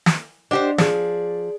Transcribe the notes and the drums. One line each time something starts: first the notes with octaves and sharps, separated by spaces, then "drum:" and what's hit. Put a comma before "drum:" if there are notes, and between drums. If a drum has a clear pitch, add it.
drum: snare
D4 G4 C5 D#5 F#5
F3 G#4 D5, drum: snare